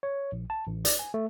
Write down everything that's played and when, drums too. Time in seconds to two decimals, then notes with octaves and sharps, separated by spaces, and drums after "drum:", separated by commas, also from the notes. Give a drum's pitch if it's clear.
0.03 C#5
0.32 A#1
0.50 A5
0.67 A1
0.85 D5, drum: hi-hat
0.99 G#5
1.14 A3